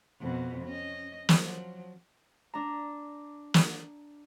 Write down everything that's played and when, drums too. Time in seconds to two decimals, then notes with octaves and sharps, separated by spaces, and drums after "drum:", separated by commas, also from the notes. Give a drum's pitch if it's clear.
0.20 F2 B2
0.64 C#4 D#5
1.29 F3 F#3, drum: snare
2.54 D4 A#5
3.54 drum: snare